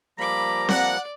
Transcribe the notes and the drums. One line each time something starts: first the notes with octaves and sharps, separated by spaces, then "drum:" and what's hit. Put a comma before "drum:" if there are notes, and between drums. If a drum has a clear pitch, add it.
F3 G3 A#3 A#5 B5 D6
D5 F#5, drum: snare C4